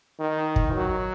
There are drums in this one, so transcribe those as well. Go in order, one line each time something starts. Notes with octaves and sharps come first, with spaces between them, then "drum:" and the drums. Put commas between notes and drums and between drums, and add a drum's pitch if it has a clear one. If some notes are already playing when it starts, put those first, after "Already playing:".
D#3
drum: kick
F#3